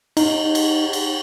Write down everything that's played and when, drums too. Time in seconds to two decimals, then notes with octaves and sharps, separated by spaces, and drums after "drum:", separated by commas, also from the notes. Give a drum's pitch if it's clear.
0.17 D#4, drum: cymbal
0.55 drum: cymbal
0.93 drum: cymbal